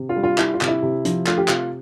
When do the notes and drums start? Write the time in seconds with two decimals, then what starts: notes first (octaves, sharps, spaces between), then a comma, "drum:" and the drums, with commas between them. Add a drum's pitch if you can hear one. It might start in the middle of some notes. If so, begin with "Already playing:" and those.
Already playing: C3
0.09 F4
0.16 G3
0.23 F4
0.38 G3 E4, drum: clap
0.54 F4
0.61 C3, drum: clap
0.68 E4
0.83 C3
1.05 F3, drum: hi-hat
1.27 A3 F4, drum: clap
1.38 G4
1.48 C3 F4, drum: clap